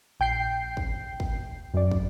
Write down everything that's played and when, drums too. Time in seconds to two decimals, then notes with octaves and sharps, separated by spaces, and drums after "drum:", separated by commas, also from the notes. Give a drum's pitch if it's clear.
0.20 A#1 G5 G6 C7
0.77 drum: kick
1.20 drum: kick
1.74 F#2 D5
1.91 drum: kick